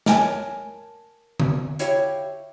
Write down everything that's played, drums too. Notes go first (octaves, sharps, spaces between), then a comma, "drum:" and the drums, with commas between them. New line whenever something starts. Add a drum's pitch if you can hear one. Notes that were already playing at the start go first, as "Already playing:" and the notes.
A#4 C#5 G#5 A5, drum: snare
drum: tom D3
E4 G4 C#5 F5, drum: hi-hat